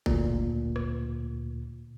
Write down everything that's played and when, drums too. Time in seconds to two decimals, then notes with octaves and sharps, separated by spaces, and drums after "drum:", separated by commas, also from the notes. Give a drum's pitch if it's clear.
0.06 D2 A#2, drum: kick
0.76 drum: rim click